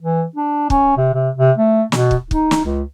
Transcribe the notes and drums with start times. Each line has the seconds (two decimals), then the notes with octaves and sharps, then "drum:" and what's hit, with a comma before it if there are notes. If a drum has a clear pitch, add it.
0.01 E3
0.36 D4
0.70 C#4, drum: kick
0.97 C3
1.14 C3
1.38 C3
1.58 A3
1.92 B2, drum: snare
2.11 drum: kick
2.31 D#4, drum: kick
2.51 drum: snare
2.65 C#2